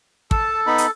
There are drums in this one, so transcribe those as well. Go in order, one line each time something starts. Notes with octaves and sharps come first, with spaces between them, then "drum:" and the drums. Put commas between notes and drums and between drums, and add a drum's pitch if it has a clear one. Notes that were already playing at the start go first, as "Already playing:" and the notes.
A4 A5, drum: kick
B3 D#4 B5
drum: hi-hat